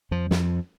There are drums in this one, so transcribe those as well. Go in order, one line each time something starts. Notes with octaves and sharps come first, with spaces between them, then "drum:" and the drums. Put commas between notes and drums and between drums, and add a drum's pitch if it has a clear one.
F2 F3
F2 F3, drum: snare